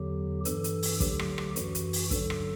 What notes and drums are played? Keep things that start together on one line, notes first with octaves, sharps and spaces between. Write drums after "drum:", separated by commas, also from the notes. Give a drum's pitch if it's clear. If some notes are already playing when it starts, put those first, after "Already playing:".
Already playing: E2 D3 F#3 G4
G2 E3 A4, drum: hi-hat
drum: hi-hat
drum: open hi-hat
D2 D3 F#3 G4, drum: kick, hi-hat
drum: rim click
drum: rim click
F#2 E3 F#4, drum: hi-hat
drum: hi-hat
drum: open hi-hat
G2 D3 F#3 A4, drum: kick, hi-hat
drum: rim click